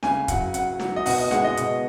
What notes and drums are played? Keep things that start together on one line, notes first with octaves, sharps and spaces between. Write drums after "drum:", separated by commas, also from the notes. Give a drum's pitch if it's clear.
C#3 G#5, drum: snare
F#3 F#5, drum: kick, hi-hat
C#3 F#5, drum: hi-hat
F#3, drum: snare
D#5
B2 F#5, drum: open hi-hat
D#5
G#3 F#5, drum: snare
D#5
B2, drum: hi-hat